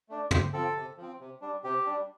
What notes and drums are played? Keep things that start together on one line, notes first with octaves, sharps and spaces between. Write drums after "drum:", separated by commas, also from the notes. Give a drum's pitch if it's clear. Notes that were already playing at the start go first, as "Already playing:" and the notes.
A3 D4
C3 C5, drum: tom
F3 C4 A4
C3
F3 C4
C3
G3 D4
C3 G4
G3 D4